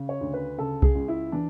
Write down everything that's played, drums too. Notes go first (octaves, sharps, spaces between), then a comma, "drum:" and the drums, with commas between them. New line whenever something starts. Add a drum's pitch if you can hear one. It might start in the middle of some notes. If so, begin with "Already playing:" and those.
Already playing: C#3
C#5
D2
B4
C#3 A4
G#4, drum: kick C2
C#2
E4
E3 D4